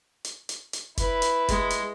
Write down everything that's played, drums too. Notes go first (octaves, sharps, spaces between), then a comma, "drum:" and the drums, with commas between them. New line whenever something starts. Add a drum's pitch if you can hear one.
drum: hi-hat
drum: hi-hat
drum: hi-hat
E4 B4, drum: kick F1, hi-hat
drum: hi-hat
G#3, drum: kick F1, hi-hat
drum: hi-hat